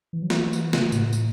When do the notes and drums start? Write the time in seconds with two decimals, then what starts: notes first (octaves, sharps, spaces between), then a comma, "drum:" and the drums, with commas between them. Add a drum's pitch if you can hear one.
0.13 E3
0.22 F#3
0.30 E3, drum: snare
0.53 drum: tambourine
0.73 C#3, drum: snare
0.92 A2, drum: tambourine
1.13 drum: tambourine